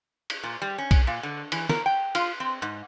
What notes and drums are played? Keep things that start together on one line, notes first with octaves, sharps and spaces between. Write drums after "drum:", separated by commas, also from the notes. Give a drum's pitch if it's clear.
drum: cymbal
A#2
G3
C#4
drum: kick B1, cymbal
A#2
D3
E3, drum: cymbal
A#4, drum: snare
G5
F4, drum: cymbal
C4
G#2